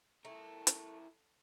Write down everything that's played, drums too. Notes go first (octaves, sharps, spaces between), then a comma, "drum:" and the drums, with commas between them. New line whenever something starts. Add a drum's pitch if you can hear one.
A3 E4 A#4
drum: hi-hat